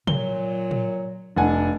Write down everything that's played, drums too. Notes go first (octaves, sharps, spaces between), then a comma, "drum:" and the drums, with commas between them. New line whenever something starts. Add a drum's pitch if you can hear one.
A#2 F#3 G7, drum: tom
drum: tom
F1 D4 F#5 G#5